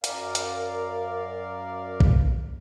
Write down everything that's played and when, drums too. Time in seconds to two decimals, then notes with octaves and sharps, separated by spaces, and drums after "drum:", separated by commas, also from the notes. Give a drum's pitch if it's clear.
0.04 F#2 A#4 D5 F5, drum: hi-hat
0.35 drum: hi-hat
2.00 drum: kick